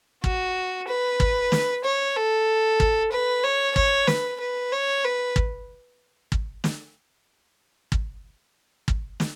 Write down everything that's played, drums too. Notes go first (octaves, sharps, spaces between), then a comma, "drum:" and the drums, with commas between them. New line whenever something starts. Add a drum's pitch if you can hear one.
F#4, drum: kick
B4
drum: kick
drum: snare
C#5
A4
drum: kick
B4
C#5
C#5, drum: kick
B4, drum: snare
B4
C#5
B4
drum: kick
drum: kick
drum: snare
drum: kick
drum: kick
drum: snare